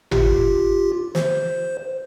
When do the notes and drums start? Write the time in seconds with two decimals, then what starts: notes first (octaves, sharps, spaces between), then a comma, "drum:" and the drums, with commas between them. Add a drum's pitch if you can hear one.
0.11 F4 G4, drum: tom G#1
1.15 C5, drum: snare